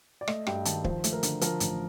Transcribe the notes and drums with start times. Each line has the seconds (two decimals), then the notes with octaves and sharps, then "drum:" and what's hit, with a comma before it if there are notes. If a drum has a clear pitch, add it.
0.21 D5
0.28 A3 D#5, drum: rim click
0.47 G2 G5, drum: rim click
0.65 D#3 A5, drum: hi-hat
0.84 F3 C5, drum: kick
1.04 A3, drum: hi-hat
1.13 A#4
1.23 D3, drum: hi-hat
1.41 F3 A#4, drum: hi-hat
1.60 A1, drum: hi-hat